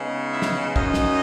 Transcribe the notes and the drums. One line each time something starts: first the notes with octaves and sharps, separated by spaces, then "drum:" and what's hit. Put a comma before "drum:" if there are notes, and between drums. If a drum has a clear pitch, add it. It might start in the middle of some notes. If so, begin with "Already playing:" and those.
Already playing: C#3 G#3 B3 D#4
E4 E5
drum: snare
F#2 D#3 F#3 C#4 D#4 D#5, drum: kick
drum: snare